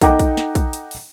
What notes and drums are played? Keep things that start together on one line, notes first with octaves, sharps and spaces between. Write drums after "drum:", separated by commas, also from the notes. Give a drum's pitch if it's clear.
D#4 A4 F#5 G5 A#5 D6, drum: kick, hi-hat
drum: kick, hi-hat
drum: snare
drum: kick, hi-hat
drum: hi-hat
drum: open hi-hat